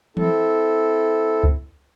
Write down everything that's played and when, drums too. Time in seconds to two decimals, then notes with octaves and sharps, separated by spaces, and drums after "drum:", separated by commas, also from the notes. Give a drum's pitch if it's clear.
0.17 C4 E4 A4, drum: tom E3
1.43 drum: kick C#2